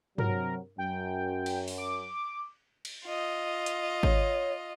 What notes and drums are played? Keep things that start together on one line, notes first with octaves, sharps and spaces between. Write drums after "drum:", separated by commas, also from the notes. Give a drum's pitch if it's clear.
C3 F#3 A#4, drum: tom G2
F#2 G5
drum: cymbal
drum: open hi-hat
D6
drum: cymbal
F4 D#5
drum: hi-hat
C#5, drum: kick G#1